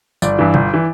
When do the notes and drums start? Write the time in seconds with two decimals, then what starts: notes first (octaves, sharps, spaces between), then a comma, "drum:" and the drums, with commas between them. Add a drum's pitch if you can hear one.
0.22 G1 D5, drum: tambourine
0.39 G2 E3
0.54 G1, drum: tom B2
0.74 E3